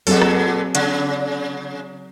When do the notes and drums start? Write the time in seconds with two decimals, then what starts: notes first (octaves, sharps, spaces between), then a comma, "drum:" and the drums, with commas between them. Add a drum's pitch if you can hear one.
0.07 A#2 F#3 C4 G#4 A4, drum: open hi-hat
0.22 drum: rim click
0.75 C#3, drum: hi-hat